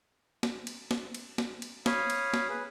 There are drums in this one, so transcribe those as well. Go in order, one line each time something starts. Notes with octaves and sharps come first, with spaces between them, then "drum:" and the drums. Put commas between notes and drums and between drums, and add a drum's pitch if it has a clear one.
drum: snare
drum: cymbal
drum: snare
drum: cymbal
drum: snare
drum: cymbal
C#5 F5 B5 D#6, drum: snare
drum: cymbal
drum: snare
G#4 B4